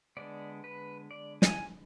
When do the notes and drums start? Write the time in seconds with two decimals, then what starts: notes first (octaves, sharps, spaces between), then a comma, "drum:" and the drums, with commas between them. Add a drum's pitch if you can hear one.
0.17 D3 G#3 B3 D5
0.64 B4
1.11 D5
1.42 G#5, drum: snare